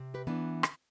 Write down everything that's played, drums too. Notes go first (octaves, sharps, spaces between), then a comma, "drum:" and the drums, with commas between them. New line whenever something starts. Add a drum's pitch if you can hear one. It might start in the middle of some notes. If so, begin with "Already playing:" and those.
Already playing: C3
G4 B4
E3 B3 D4
drum: rim click